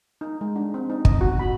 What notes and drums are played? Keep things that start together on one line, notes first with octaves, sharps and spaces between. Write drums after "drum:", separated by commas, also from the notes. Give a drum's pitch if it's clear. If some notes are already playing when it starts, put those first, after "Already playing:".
D#4
G#3
D4
C4
D#4
D#5, drum: kick
F#4
B5